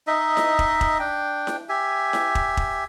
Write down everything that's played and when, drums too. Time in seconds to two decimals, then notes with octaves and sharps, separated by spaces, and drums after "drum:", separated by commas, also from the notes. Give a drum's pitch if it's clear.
0.07 D#4 D#5 E5
0.37 drum: snare E4
0.59 drum: kick
0.81 drum: kick
0.99 D4 G5
1.47 drum: snare E4
1.69 G4 E5 G#5
2.13 drum: snare E4
2.35 drum: kick
2.57 drum: kick